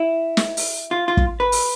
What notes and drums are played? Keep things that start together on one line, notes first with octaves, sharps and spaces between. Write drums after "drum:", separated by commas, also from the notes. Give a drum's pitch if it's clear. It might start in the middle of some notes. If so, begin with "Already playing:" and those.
Already playing: E4
drum: snare
drum: open hi-hat
F4
F4
drum: kick
B4
drum: open hi-hat